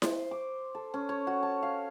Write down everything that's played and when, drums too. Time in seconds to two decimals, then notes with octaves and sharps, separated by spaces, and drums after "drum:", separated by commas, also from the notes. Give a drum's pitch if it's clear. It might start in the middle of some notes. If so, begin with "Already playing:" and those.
0.02 C5, drum: snare E4
0.31 D6
0.75 A4
0.94 C#4
1.09 C#5
1.27 F#4
1.43 A5
1.63 F5